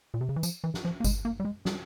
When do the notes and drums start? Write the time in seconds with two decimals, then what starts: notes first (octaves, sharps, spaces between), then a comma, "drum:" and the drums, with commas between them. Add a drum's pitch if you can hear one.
0.14 A#2
0.21 C3
0.29 C#3
0.36 E3
0.43 F3, drum: tambourine
0.64 E3
0.74 drum: snare
0.85 F3
1.00 A#3
1.04 G#3, drum: kick G1, tambourine
1.25 A#3
1.40 G3
1.45 G#3
1.65 G3, drum: snare